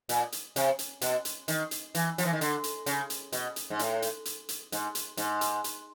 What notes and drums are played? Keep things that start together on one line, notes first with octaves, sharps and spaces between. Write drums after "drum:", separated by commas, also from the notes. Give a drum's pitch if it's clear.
A#2, drum: hi-hat
drum: hi-hat
C3, drum: hi-hat
drum: hi-hat
B2, drum: hi-hat
drum: hi-hat
D#3, drum: hi-hat
drum: hi-hat
E3, drum: hi-hat
F3, drum: hi-hat
E3
D#3
D3, drum: hi-hat
drum: hi-hat
C#3, drum: hi-hat
drum: hi-hat
B2, drum: hi-hat
drum: hi-hat
G#2
A2, drum: hi-hat
drum: hi-hat
drum: hi-hat
drum: hi-hat
G#2, drum: hi-hat
drum: hi-hat
G#2, drum: hi-hat
drum: hi-hat
drum: hi-hat